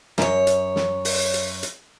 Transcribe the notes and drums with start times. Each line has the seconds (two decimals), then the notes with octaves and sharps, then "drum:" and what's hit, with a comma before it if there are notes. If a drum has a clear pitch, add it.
0.18 F#2 C#5, drum: snare
0.47 drum: hi-hat
0.76 drum: snare
1.05 drum: open hi-hat
1.34 drum: hi-hat
1.63 drum: hi-hat